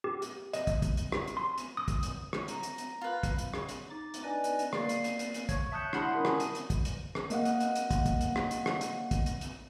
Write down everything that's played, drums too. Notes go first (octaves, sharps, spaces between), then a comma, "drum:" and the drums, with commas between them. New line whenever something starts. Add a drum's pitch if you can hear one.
G4
drum: hi-hat
D#5, drum: hi-hat
drum: kick, hi-hat
drum: kick, hi-hat
drum: hi-hat
drum: rim click
drum: hi-hat
C6
drum: hi-hat
D#6
drum: kick, hi-hat
drum: hi-hat
drum: rim click
A#5, drum: hi-hat
drum: hi-hat
drum: hi-hat
F4 B4
drum: kick, hi-hat
drum: hi-hat
drum: rim click
drum: hi-hat
D#4 D6 A6
drum: hi-hat
D4 D#4 B4 D5 D#5 G#5
drum: hi-hat
drum: hi-hat
A#3 D5 C7, drum: rim click
drum: hi-hat
drum: hi-hat
drum: hi-hat
drum: hi-hat
C#5 C#6, drum: kick, hi-hat
E5 A5 D#6 F#6 G6 C#7
D4 E4 F#5 B5 C6 D#6, drum: rim click
C#4 A#4
drum: rim click
drum: hi-hat
drum: hi-hat
drum: kick, hi-hat
drum: hi-hat
drum: rim click
A#3 D#5 F5 F#5, drum: hi-hat
drum: hi-hat
drum: hi-hat
drum: hi-hat
drum: kick, hi-hat
drum: kick, hi-hat
drum: hi-hat
drum: rim click
drum: hi-hat
drum: rim click
drum: hi-hat
drum: kick, hi-hat
drum: hi-hat
drum: hi-hat